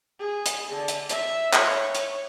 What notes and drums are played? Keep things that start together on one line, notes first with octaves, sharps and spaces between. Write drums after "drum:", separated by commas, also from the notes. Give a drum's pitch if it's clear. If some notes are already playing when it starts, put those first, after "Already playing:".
G#4
drum: hi-hat
D3
drum: hi-hat
E5, drum: hi-hat
C#5, drum: clap
drum: hi-hat